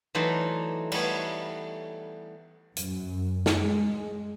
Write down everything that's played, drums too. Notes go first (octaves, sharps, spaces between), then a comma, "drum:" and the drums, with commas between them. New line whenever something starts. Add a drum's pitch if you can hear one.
E3 F#3 A3 D#4 C5 D5
G3 A3 B3 C#5, drum: cymbal
F#2, drum: hi-hat
drum: snare
G#3